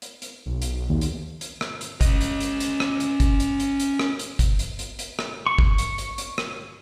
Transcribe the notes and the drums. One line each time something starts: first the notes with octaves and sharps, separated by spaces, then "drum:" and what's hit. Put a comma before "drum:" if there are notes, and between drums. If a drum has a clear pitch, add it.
drum: hi-hat
drum: hi-hat
B1
drum: hi-hat
D#2
drum: hi-hat
drum: hi-hat
drum: rim click
drum: hi-hat
C#4 D#5, drum: kick, hi-hat
drum: hi-hat
drum: hi-hat
drum: hi-hat
drum: rim click
drum: hi-hat
drum: kick, hi-hat
drum: hi-hat
drum: hi-hat
drum: hi-hat
drum: rim click
drum: hi-hat
drum: kick, hi-hat
drum: hi-hat
drum: hi-hat
drum: hi-hat
drum: rim click
C#6
drum: kick
drum: hi-hat
drum: hi-hat
drum: hi-hat
drum: rim click